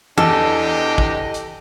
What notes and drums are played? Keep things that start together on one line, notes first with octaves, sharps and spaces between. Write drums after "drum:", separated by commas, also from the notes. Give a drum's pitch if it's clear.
E2 D4 G4 A4 D#5, drum: tom E3
drum: kick
drum: hi-hat